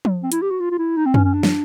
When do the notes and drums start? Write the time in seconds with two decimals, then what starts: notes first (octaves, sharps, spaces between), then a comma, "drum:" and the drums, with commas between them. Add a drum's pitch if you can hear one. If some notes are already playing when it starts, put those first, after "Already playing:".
0.05 drum: tom F3
0.23 C4
0.32 E4, drum: hi-hat
0.42 G4
0.51 F#4
0.60 F4
0.71 F4
0.78 E4
0.97 D#4
1.06 C4
1.14 C#4, drum: tom F#2
1.24 C#4
1.33 D4
1.43 drum: snare